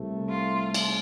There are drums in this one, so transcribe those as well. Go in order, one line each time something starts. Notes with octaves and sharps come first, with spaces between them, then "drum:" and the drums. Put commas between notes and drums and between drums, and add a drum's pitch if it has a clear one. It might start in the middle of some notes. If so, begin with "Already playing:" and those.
Already playing: C2 C3 A3
F4
drum: cymbal